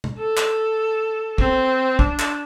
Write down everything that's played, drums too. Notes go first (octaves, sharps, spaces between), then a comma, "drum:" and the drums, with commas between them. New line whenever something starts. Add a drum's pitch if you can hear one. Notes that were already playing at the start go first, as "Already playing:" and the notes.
drum: tom
A4
drum: clap
C4, drum: kick
D4, drum: kick
drum: clap